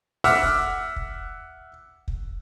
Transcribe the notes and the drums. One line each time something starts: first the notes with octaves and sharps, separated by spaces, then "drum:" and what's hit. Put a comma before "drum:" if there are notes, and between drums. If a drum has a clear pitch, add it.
E5 F#5 D6 E6 F6, drum: open hi-hat
drum: kick
drum: kick
drum: kick